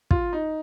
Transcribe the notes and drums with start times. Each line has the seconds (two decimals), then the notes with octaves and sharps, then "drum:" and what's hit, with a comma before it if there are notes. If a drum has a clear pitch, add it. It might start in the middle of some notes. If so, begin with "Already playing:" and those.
0.11 F4, drum: kick
0.33 D#4